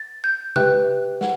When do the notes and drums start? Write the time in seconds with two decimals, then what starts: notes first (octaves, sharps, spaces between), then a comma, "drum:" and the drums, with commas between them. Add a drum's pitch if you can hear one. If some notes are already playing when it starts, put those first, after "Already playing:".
Already playing: A6
0.24 G6
0.56 G4 B4 E5 G5 F#6, drum: tom C3
1.21 F#5, drum: snare